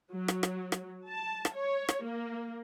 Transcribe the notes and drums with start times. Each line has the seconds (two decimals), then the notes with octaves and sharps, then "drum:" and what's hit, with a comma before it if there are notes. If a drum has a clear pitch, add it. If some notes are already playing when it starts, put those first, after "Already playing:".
0.12 F#3
0.28 drum: rim click
0.43 drum: rim click
0.72 drum: rim click
1.07 A5
1.45 drum: rim click
1.55 C#5
1.89 drum: rim click
2.03 A#3